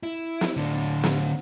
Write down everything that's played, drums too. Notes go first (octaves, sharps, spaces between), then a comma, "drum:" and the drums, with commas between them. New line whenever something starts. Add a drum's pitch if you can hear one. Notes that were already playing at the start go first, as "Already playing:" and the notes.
E4
drum: snare
A2 D3
drum: snare